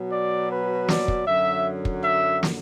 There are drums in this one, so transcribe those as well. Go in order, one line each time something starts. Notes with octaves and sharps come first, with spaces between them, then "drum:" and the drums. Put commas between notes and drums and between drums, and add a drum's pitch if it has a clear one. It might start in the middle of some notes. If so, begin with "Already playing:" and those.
Already playing: B2 F#3
D5
B4
D5, drum: snare
drum: kick
F#2 D3 F#3 E5
drum: kick
E5
drum: snare